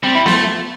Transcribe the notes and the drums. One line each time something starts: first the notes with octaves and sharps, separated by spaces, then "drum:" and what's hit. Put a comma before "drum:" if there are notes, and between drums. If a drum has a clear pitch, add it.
G3 C4
E4
A3 F4, drum: snare B3